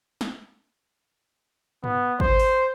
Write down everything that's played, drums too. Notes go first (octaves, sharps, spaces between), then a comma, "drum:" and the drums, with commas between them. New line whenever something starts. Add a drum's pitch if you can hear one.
drum: snare
B3, drum: tom G2
C5, drum: kick G#1
drum: open hi-hat